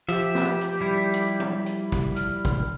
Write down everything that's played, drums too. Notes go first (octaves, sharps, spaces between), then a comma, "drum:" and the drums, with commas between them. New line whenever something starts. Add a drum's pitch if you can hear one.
F3 G4 E5, drum: hi-hat
drum: snare
drum: hi-hat
G3 E4
drum: hi-hat
drum: tom F3
drum: hi-hat
drum: kick, hi-hat
F6, drum: hi-hat
drum: kick, hi-hat